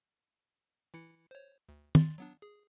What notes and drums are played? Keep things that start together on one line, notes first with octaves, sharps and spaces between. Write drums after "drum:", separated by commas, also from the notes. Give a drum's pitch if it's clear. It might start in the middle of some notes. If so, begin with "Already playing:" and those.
E3 E4 C#7
C5 C#5
D2
C6 A6, drum: tom
F#3 B3 D4
G#4